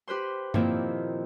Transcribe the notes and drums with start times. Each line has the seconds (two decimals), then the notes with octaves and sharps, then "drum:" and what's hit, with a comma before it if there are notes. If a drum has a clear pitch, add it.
0.08 G4 B4 C5 C6
0.54 A#2 D#3 F3 A#3 C4 E4, drum: tom G2